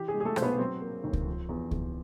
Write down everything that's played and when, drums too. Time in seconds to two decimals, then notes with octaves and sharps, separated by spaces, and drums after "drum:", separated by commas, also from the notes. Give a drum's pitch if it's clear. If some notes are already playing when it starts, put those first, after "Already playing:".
Already playing: E3 G4
0.08 G#4
0.14 G#3
0.20 G#4
0.25 A3 A4
0.36 B1 C5, drum: rim click
0.42 B3 B4
0.59 F#3 C4 C5
0.82 A#3
1.04 D#2
1.13 drum: kick C#2
1.26 F3
1.49 E2
1.71 E2, drum: kick C#2